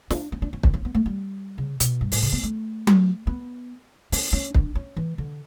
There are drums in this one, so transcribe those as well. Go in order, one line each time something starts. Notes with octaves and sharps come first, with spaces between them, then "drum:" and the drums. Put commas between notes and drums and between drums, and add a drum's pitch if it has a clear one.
D4, drum: snare
C#4
D4
C#4
C#4, drum: kick
C#4
B3
A3
G3
C#3
B2, drum: hi-hat
G2
A2, drum: open hi-hat
C#3
B3
A3
drum: tom F#3
B3
C#4, drum: open hi-hat
C#4
D4, drum: kick
C#4
E3
D3